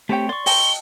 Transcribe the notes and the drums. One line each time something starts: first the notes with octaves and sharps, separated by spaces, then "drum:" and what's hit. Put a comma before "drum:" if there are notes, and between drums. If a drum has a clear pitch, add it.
A3 C4 G4 C#5 G5
D5 C6 C#6
D#5 G5 A5 G7, drum: open hi-hat